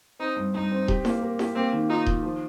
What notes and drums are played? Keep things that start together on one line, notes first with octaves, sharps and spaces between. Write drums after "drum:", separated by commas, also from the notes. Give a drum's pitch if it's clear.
C4 D#4
G2
G2 D#4
C4
G4, drum: kick D#1
A#3, drum: snare E4
A#4
G4, drum: snare E4
A#3 C4
D#3
D#4 F4
D#3, drum: kick D#1
F3